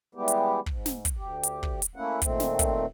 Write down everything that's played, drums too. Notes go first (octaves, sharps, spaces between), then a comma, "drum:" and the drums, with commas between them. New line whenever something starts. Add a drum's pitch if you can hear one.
E3 G3 G#3 B3 G4
drum: hi-hat
G#2, drum: kick
drum: snare
drum: kick, hi-hat
D2 G4
drum: hi-hat
drum: kick
drum: hi-hat
A3 A#3 C#4 E4 F#5
A#2 D#3 A3 C4, drum: kick, hi-hat
drum: snare
drum: kick, hi-hat